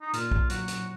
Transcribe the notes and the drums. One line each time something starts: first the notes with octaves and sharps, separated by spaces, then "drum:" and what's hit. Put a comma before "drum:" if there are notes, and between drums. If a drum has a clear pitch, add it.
D#4
A#2 F4, drum: hi-hat
drum: kick B1
F#3 F#4, drum: hi-hat
drum: hi-hat